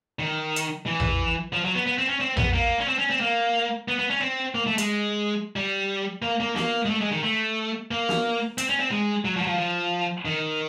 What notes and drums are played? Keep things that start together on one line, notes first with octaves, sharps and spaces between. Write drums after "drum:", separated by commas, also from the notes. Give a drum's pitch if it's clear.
D#3
drum: hi-hat
E3
drum: tom A#1
F3
F#3
B3
B3
C4
C#4
C4
B3, drum: tom A#1
A#3
C#4
C4
C#4
C4
A#3
B3
B3
C#4
C4
A#3
A3
G#3, drum: hi-hat
G3
A#3
A#3
A#3, drum: snare
G#3
A3
G#3
D#3
A3
A#3
drum: snare
C4, drum: hi-hat
C#4
C4
G#3
F#3
F3
F#3
F3
F3
D#3